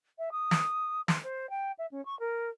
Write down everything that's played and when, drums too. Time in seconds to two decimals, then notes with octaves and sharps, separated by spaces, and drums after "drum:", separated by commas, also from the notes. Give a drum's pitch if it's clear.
0.19 E5
0.32 D#6
0.51 drum: snare
1.08 C6, drum: snare
1.23 C5
1.50 G5
1.79 E5
1.92 C#4
2.06 C#6
2.20 A#4